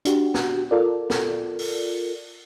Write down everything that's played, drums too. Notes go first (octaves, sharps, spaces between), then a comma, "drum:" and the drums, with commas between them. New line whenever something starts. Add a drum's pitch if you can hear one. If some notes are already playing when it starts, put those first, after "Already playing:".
D4 F#4 G4, drum: hi-hat
drum: snare
F4 A4 A#4 D5
drum: snare
drum: open hi-hat